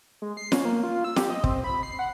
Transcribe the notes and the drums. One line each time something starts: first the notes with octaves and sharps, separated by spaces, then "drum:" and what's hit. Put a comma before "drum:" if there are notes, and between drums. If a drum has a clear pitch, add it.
G#3
C7
C#4, drum: snare
A#3
F4
E6
G4, drum: snare
D#5
C4, drum: kick
B5
C7
F#5